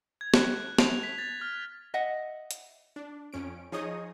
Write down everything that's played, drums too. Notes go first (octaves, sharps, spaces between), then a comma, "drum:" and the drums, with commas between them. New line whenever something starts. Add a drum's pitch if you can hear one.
G#6
F#6, drum: snare
F7, drum: snare
B6
A6
F6
D#5 E5 F#5
drum: hi-hat
D4
F2 C#4 D7
F3 D#4 G#4 C#5 D#5 D#6